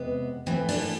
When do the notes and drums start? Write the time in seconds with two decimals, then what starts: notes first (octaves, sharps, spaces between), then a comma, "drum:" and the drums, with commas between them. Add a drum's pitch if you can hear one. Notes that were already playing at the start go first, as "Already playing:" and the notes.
Already playing: E2 C3 G#3 B3
0.46 A2 E3 A3 C4
0.69 D4, drum: open hi-hat